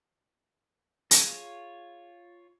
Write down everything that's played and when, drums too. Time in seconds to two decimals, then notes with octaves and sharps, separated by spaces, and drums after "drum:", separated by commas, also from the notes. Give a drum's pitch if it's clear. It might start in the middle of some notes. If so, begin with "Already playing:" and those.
1.11 A3 A#3 G#4 A4, drum: hi-hat
1.26 F4 C#5